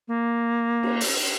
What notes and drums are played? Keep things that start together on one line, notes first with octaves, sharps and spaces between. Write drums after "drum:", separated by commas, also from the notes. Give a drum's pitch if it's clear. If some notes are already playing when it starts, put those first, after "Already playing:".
A#3
drum: cymbal
drum: open hi-hat